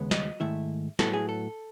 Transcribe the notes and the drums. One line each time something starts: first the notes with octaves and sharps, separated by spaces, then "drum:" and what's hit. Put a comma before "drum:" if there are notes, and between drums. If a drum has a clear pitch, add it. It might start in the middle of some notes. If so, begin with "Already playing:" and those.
Already playing: D#2 C#3 G#3 B3
D#5, drum: snare
G#2 D#3 A3 E4 E5
A2 F#3 B3 E4 A4, drum: snare
G#4
A4